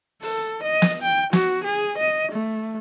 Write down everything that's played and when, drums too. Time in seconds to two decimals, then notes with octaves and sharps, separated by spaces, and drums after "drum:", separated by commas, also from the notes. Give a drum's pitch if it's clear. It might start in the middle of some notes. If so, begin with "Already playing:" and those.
0.22 A4, drum: open hi-hat
0.63 D#5
0.82 drum: snare
1.02 G5
1.33 F#4, drum: snare
1.64 G#4
1.98 D#5
2.32 A3